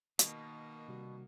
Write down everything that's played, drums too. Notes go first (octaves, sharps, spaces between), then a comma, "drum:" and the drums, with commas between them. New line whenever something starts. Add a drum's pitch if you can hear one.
B2 D#3 A#3, drum: hi-hat
C3 G3 F#4